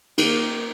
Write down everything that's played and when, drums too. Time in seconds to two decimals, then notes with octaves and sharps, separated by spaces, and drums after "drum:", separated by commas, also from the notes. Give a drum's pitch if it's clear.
0.18 D#3 A#3, drum: cymbal